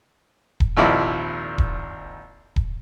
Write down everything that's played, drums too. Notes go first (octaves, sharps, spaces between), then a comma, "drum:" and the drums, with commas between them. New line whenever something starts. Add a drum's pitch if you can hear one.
drum: kick D#1
G#1 D#2 A#2 F3 E4 D6
drum: kick D#1
drum: kick D#1